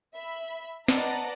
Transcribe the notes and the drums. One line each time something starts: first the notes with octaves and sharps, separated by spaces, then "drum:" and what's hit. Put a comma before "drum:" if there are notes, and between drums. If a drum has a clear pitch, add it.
E5 B5
B4 D5 D#5 F#5 A5 A#5, drum: snare